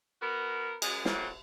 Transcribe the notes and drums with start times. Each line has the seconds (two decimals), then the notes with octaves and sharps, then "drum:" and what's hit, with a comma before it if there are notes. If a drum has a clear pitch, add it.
0.22 B3 F#4 A#4
0.82 F#2 G#3, drum: cymbal
1.05 F2 G#2 C3 F#3 A#3, drum: snare